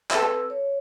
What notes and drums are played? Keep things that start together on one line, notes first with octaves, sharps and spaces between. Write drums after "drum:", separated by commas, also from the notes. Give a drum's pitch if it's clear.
C4 E4 A4 B4 E6, drum: clap
A4
C#5